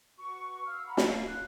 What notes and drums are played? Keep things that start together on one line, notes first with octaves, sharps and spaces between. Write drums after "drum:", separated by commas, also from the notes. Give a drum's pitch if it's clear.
F#4 B4 C#6
F5 E6 F6
F#5 A#5 B5
drum: snare
F5
F#6